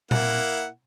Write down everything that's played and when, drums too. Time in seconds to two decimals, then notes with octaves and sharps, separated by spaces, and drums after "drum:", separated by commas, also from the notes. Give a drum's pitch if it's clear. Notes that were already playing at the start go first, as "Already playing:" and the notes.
0.11 A#3 E4 F#5, drum: tom A#2